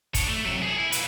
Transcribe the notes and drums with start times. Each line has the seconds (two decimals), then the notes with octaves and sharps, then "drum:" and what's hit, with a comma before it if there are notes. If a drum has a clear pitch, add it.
0.15 D4 C#5, drum: kick, hi-hat
0.29 A3
0.45 C3 F#3
0.62 G#4 A4
0.78 E4
0.92 A#2 B4, drum: hi-hat